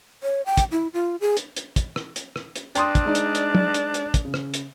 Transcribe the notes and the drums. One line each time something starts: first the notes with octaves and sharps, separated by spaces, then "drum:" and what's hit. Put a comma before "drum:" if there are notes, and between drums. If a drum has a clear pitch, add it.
C#5
G5
drum: kick, hi-hat
E4
F4
G#4
drum: hi-hat
drum: hi-hat
drum: kick, hi-hat
drum: rim click
drum: hi-hat
drum: rim click
drum: hi-hat
D4 G5 C6 D#6, drum: hi-hat
drum: kick, hi-hat
G#3 D#4 D5
drum: hi-hat
drum: hi-hat
drum: tom
drum: hi-hat
drum: hi-hat
drum: kick, hi-hat
C#3
drum: rim click
drum: hi-hat